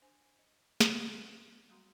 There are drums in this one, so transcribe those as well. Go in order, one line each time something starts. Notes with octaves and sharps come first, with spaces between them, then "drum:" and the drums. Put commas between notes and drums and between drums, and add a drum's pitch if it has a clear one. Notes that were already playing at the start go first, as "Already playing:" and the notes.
D4 C5 G#5
D#5
drum: snare
F#4
B3 C#4 B4 F#5
F#3 G3 A3 F#4 A#5 C6